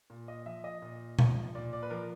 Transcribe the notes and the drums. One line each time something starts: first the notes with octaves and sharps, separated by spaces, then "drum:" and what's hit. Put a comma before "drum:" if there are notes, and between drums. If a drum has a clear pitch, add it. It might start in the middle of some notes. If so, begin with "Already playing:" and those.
A#2
D#5
F3 E5
D#5
A#2
F3, drum: tom B2
A#2 D5
D5
B4
F3 A#4